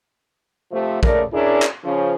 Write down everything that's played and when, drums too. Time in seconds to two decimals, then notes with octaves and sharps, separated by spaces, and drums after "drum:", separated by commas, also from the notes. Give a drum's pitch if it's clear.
0.71 C3 F3 A3
1.03 C#3 A3 A#4 D5, drum: kick
1.32 C#4 D4 E4 G#4 A#4 D5
1.62 drum: clap
1.84 C#3 F3 C#4